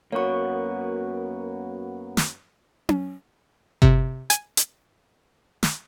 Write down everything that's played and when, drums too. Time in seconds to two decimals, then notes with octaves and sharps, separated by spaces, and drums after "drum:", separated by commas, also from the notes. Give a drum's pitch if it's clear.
0.12 F#2 A#3 B3 F#4 C#5 C#6
2.17 drum: snare
2.89 drum: tom C#4
3.82 C3, drum: kick G1
4.30 G#5, drum: hi-hat
4.57 drum: hi-hat
5.63 drum: snare